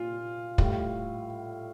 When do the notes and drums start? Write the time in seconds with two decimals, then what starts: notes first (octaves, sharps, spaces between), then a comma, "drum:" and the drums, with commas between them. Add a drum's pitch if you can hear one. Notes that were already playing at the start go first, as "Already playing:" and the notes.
Already playing: A#2 F4
0.58 A2 G3, drum: kick